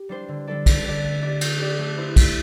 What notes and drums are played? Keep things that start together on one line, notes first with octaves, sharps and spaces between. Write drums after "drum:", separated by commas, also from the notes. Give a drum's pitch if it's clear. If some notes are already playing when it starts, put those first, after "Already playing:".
Already playing: G4
G3 D4 C5
D3
G3 D4 A4 D5
D3, drum: kick, cymbal
G3 D4 A4 D5
A3
D4 G4 D5
A3, drum: cymbal
D4 G4 D5
A3
E4 C5
A3, drum: kick, cymbal